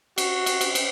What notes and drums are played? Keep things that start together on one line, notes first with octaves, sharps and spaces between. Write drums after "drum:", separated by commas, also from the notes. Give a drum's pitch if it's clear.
F#4, drum: cymbal
drum: cymbal
drum: cymbal
drum: cymbal